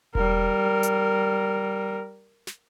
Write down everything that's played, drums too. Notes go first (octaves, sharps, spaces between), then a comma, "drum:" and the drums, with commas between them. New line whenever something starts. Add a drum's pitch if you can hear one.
G3 A#4, drum: kick E1
drum: hi-hat
drum: snare